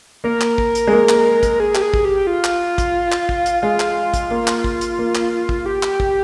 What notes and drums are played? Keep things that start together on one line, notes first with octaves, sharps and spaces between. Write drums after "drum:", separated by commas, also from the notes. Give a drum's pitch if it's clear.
A#3 A#4
drum: clap
drum: kick
drum: hi-hat
G#3
A#3
drum: clap
drum: kick, hi-hat
G#4
G4, drum: clap
G#4
drum: kick
G4
F4
drum: clap
drum: kick, hi-hat
drum: clap
drum: kick
drum: hi-hat
G#3 F4
drum: clap
drum: kick, hi-hat
A#3
drum: clap
drum: kick
drum: hi-hat
A#3
drum: clap
drum: kick
G4
drum: clap
drum: kick